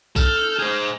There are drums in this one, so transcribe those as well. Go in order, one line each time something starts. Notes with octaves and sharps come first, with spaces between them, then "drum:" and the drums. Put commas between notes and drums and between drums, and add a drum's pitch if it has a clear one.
A4 F6 G6, drum: kick, tambourine
G#4 C5